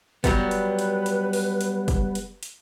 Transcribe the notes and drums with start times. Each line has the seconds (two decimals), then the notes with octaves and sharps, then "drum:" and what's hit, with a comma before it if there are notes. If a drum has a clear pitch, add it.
0.24 F#3 G3 B3 B4, drum: kick, hi-hat
0.51 drum: hi-hat
0.79 drum: hi-hat
1.06 drum: hi-hat
1.33 drum: open hi-hat
1.61 drum: hi-hat
1.88 drum: kick, hi-hat
2.15 drum: hi-hat
2.43 drum: hi-hat